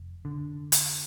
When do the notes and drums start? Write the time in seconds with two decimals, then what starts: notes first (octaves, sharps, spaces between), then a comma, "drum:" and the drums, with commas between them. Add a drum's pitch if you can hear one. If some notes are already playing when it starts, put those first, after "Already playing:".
Already playing: F1
0.25 D3
0.72 drum: hi-hat